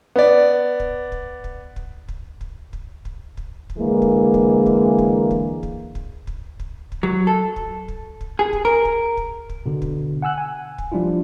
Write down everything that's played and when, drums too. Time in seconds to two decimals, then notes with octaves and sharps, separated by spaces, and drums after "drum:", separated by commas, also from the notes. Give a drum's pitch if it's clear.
0.16 B3 D5
0.80 drum: kick
1.12 drum: kick
1.44 drum: kick
1.76 drum: kick
2.09 drum: kick
2.41 drum: kick
2.73 drum: kick
3.05 drum: kick
3.37 drum: kick
3.70 drum: kick
3.79 D3 E3 G#3 A#3
4.02 drum: kick
4.34 drum: kick
4.66 drum: kick
4.98 drum: kick
5.31 drum: kick
5.63 drum: kick
5.95 drum: kick
6.27 drum: kick
6.60 drum: kick
6.92 drum: kick
7.03 F#3
7.27 A4
7.56 drum: kick
7.88 drum: kick
8.21 drum: kick
8.39 G#4
8.53 drum: kick
8.65 A#4
8.85 drum: kick
9.17 drum: kick
9.50 drum: kick
9.66 B2 D3
9.82 drum: kick
10.22 F#5 G#5 E6 F#6
10.38 G#5
10.78 drum: kick
10.92 F3 G3 D4 E4 F4